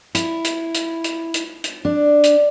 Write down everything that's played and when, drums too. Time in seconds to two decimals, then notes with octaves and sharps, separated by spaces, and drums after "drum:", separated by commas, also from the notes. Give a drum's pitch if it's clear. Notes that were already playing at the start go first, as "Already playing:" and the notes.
0.15 E4, drum: hi-hat
0.44 drum: hi-hat
0.74 drum: hi-hat
1.04 drum: hi-hat
1.34 drum: hi-hat
1.64 drum: hi-hat
1.85 D4
2.24 drum: hi-hat